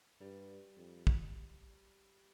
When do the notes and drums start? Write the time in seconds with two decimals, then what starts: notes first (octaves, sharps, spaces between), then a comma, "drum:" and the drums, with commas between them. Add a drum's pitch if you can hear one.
0.20 G2 G3
0.77 F2
1.07 drum: kick